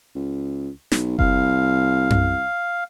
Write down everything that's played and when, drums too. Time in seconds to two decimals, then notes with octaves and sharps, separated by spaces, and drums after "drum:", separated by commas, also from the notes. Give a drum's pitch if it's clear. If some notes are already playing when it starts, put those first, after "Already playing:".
0.15 C#2
0.92 B1, drum: snare
1.19 C2 F5, drum: kick F#1
2.10 drum: tom F#2